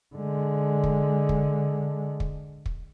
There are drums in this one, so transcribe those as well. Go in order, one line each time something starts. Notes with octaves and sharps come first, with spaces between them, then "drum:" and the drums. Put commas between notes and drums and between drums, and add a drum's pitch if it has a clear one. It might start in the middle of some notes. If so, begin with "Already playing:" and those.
D3 G#3
drum: kick
drum: kick
drum: kick
drum: kick